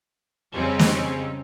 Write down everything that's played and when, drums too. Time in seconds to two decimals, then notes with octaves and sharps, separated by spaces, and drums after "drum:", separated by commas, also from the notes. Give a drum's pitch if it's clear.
0.54 F2 C#3 G3 C4 C#4 D#4
0.79 drum: snare